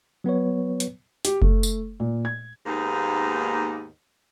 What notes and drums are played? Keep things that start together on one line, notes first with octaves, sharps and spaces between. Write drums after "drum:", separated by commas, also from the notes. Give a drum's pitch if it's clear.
F#3 B3 B4 C#5
drum: hi-hat
G4, drum: hi-hat
A3, drum: kick F#1
drum: tambourine
A#2
G#6
D#2 G#2 A#3 B3 D#4